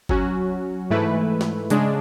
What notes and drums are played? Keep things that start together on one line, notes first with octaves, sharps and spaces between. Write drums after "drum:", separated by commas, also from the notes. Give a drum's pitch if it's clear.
F#3 C#4 F#4, drum: kick G1
G#2 E3 A3 E4 B4
drum: snare
C#3 G#3 D4, drum: hi-hat